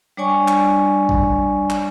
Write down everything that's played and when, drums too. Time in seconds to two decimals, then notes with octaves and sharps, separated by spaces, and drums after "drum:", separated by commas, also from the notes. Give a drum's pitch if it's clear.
0.17 G3 D4 C#5 D5 G#5 C#6
0.48 drum: clap
1.09 drum: kick G#1
1.70 drum: clap